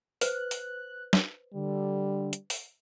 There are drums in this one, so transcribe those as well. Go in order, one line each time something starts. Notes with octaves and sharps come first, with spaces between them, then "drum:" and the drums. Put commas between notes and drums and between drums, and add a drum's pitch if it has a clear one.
B4 C5 F#6, drum: open hi-hat
drum: open hi-hat
drum: snare
D3 G3
drum: hi-hat
drum: open hi-hat